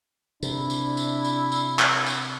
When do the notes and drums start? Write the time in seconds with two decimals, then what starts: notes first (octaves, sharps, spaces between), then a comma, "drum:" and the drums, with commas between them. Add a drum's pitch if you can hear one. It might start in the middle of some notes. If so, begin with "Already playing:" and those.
0.43 C3 D4 E4, drum: tambourine
0.70 drum: tambourine
0.97 drum: tambourine
1.24 drum: tambourine
1.52 drum: tambourine
1.79 drum: clap
2.06 drum: tambourine